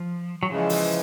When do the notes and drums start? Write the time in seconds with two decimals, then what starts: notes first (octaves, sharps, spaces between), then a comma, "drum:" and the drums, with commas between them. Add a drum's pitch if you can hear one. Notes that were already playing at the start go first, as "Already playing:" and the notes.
Already playing: F3
0.43 F#3
0.50 C#3 E3 F3 G#3
0.69 drum: open hi-hat